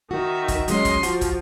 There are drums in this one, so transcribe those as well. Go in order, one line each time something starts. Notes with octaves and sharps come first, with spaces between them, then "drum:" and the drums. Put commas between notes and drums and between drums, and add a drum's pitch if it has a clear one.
D#3 D#4 F#4 E5
drum: kick, hi-hat
F#3 G#3 C#4 D#5 C6, drum: hi-hat
drum: kick, hi-hat
F3 F#4, drum: hi-hat
drum: kick, hi-hat